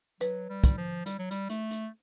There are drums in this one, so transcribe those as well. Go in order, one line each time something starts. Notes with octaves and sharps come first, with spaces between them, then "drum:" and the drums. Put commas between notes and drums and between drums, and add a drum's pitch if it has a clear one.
F#3 B4, drum: hi-hat
G3
drum: kick, hi-hat
F3
G3, drum: hi-hat
F#3
G3, drum: hi-hat
A3, drum: hi-hat
drum: hi-hat